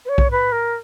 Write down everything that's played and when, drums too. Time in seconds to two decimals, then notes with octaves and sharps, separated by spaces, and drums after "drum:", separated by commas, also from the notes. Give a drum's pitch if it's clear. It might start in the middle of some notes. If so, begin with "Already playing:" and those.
0.05 B4
0.09 C#5
0.18 drum: kick B1
0.31 B4
0.52 A#4